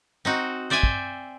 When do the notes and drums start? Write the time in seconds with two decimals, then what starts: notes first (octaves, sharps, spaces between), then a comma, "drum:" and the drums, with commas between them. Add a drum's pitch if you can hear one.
0.25 C4 D#4 F#4
0.70 C5 D5 E5 G5 G#5
0.83 drum: kick